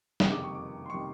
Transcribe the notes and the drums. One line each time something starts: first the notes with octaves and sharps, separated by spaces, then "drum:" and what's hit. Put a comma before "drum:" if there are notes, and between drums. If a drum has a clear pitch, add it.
F#1 F2 C3 D#3 G3 D#6, drum: snare
D6
C#6
D6
C6
C3 D#3 G3 C#6